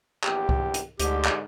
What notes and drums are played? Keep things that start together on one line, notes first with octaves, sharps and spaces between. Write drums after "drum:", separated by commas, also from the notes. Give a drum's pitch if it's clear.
A#1 E2 G4, drum: clap
drum: kick C2
drum: hi-hat
D2 G#2 D3 G4, drum: hi-hat
drum: clap